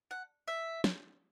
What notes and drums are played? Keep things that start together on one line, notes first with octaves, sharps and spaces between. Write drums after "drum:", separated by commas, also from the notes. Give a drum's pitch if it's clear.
F#5
E5
drum: snare